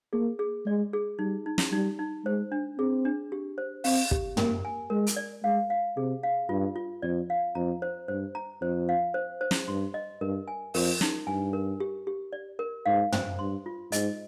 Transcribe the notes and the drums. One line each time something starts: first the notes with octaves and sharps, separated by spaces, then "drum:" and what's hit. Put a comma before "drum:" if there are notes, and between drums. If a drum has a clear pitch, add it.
A#3 G#4
G#4
G#3 D5
G#4
G3 D#4
D#4
drum: snare
G3 D#4
D#4
G#3 C5
D4
C4 G#4
D4
G4
C5
C4 F5, drum: open hi-hat
G4, drum: kick
A#3 A#4, drum: tom
G#5
G#3 A#4
drum: hi-hat
D5
G#3 F5
F5
C3 G#4
F5
G2 F4
F4
F2 D5
F5
F2 A#5
C5
G2 C5
A#5
F2 C5
F5
C5
C5
drum: snare
G2 C6
D#5
G2 A#4
G#5
F2 A#4, drum: open hi-hat
D#4, drum: snare
G2 G#5
A#4
G4
G4
D5
A#4
G#2 F5
C5, drum: tom
G2 C6
F4
G#2 D#5, drum: hi-hat